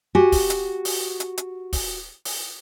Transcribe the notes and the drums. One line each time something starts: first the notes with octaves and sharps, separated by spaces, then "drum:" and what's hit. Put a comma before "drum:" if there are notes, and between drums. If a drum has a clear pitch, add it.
F#4 G4 G#5
drum: kick, open hi-hat
drum: hi-hat
drum: open hi-hat
drum: hi-hat
drum: hi-hat
drum: kick, open hi-hat
drum: open hi-hat